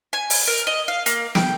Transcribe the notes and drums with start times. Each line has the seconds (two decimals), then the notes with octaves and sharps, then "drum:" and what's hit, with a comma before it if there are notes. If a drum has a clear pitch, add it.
0.13 G#5
0.30 drum: open hi-hat
0.48 A#4
0.67 D#5
0.88 F5
1.06 A#3, drum: hi-hat
1.35 G5, drum: snare